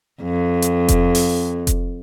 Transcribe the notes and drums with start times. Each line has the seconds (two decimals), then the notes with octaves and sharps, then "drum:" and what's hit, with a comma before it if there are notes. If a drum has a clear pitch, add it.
0.22 F2
0.62 drum: hi-hat
0.88 drum: kick F1, hi-hat
1.15 drum: open hi-hat
1.67 drum: kick F1, hi-hat